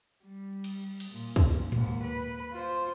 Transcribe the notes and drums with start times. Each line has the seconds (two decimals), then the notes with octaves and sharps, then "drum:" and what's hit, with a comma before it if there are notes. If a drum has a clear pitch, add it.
0.24 G3
0.64 drum: cymbal
1.00 drum: cymbal
1.11 A#2
1.36 drum: kick, cymbal
1.72 D#2 G#2, drum: tom A2
2.03 B4
2.52 F4 C5